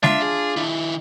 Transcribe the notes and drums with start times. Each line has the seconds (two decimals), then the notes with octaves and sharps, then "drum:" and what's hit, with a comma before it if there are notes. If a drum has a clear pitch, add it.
0.03 D4 F4 E5, drum: snare G#3
0.22 G#4
0.57 D#3 E4